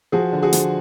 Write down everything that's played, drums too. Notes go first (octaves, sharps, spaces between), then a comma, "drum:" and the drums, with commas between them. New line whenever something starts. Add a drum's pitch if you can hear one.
F3 F#4 G#4
D3
F#4 G#4
F3, drum: hi-hat